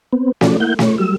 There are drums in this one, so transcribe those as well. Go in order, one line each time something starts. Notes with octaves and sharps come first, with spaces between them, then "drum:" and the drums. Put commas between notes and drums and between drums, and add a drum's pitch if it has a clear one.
B3 C4
F3 C#4 F#4 A4 D5, drum: snare
A#3 E4 F#5 G6
A3 C#5, drum: snare
F#3 G3 E6